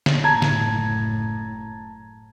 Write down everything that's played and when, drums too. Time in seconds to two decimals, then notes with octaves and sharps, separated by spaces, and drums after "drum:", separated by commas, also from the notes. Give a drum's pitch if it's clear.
0.06 drum: snare
0.24 F#1 A2 A5 A#5 G#6
0.42 drum: snare